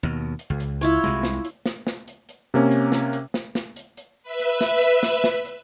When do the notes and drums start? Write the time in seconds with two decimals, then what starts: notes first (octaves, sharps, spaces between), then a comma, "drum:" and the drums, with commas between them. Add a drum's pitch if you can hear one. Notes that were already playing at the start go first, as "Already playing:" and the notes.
0.03 D#2 B2
0.39 drum: hi-hat
0.50 C#2
0.60 drum: hi-hat
0.81 E4 F4 C#5, drum: hi-hat
1.04 C2 C3 G#3, drum: hi-hat
1.23 drum: snare
1.44 drum: hi-hat
1.66 drum: snare
1.87 drum: snare
2.08 drum: hi-hat
2.29 drum: hi-hat
2.54 C3 A#3 C#4
2.71 drum: hi-hat
2.92 drum: snare
3.13 drum: hi-hat
3.34 drum: snare
3.55 drum: snare
3.76 drum: hi-hat
3.97 drum: hi-hat
4.22 B4 E5
4.40 drum: hi-hat
4.61 drum: snare
4.82 drum: hi-hat
5.03 drum: snare
5.24 drum: snare
5.45 drum: hi-hat